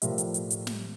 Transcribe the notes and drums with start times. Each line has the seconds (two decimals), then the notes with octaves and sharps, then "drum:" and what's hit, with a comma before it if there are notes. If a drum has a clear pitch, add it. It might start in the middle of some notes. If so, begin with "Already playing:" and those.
0.02 A2 F3 G3 A#4 E5, drum: hi-hat
0.18 drum: hi-hat
0.34 drum: hi-hat
0.50 drum: hi-hat
0.67 drum: snare